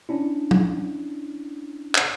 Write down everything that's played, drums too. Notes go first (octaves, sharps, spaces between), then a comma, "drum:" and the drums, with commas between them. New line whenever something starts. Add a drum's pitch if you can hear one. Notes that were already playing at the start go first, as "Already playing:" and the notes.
C#4 D4 E4
drum: tom
drum: clap